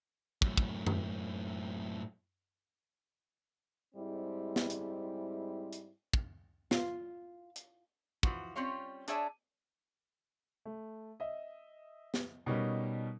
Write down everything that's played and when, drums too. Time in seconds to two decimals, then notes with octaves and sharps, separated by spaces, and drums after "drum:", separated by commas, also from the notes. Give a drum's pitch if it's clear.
0.42 F#2 A2, drum: kick
0.57 drum: kick
0.87 drum: tom F#2
3.95 G#2 G3 G#3 C4 E4
4.56 drum: snare
4.70 drum: hi-hat
5.73 drum: hi-hat
6.14 drum: kick
6.71 F4, drum: snare
7.56 drum: hi-hat
8.23 E3 F3 F#4, drum: kick
8.56 G3 C4 C#4 F4 C#5 F5
9.08 D4 G#4 C#5 D5 E5 A5, drum: hi-hat
10.65 A3
11.20 D#5 E5
12.14 drum: snare
12.46 B2 G3 C#4 D#4 G4 A#4